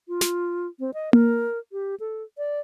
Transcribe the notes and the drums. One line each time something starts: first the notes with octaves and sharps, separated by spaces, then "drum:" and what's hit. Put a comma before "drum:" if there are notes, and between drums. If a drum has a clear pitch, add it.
F4
drum: snare
C4
D#5
A#4, drum: tom A#3
G4
A4
D5